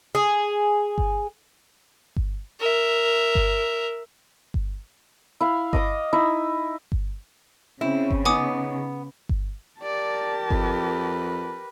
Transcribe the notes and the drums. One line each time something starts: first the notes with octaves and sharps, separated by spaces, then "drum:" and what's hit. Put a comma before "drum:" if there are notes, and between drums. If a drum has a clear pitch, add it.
G#4
drum: kick G1
drum: kick G1
A#4 E5
drum: kick G1
drum: kick G1
E4 F5
D#5 D6 D#6, drum: kick G1
D#4 E4
drum: kick G1
C#3 C4 C#4 E4
drum: kick G1
B3 D#4 C#5 G#5 D6 D#6
drum: kick G1
G4 A#4 D5 A5
F2 B4, drum: kick G1